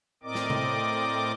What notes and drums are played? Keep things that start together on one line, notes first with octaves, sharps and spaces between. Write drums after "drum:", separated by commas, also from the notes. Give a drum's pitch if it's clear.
A2 C4 A#4 D5 D#5 D6
drum: snare
drum: tom C3